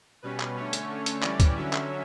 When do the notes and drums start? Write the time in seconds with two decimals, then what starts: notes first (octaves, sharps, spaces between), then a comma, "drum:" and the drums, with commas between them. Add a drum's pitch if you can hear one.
0.22 B2 G3 C#4 B4
0.40 drum: clap
0.56 D3 A3 C#4 C#5
0.73 drum: hi-hat
0.90 D3 A3 C#4
1.06 drum: hi-hat
1.22 E3 G3 C#4 D5, drum: clap
1.40 drum: kick C#2, hi-hat
1.56 D3 F#3 C#4 E5
1.73 drum: clap